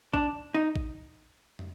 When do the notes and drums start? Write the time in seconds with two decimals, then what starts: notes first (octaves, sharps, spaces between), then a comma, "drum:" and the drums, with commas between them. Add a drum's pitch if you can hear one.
0.13 D4, drum: kick A1
0.54 D#4
0.76 drum: kick A1
1.59 drum: tom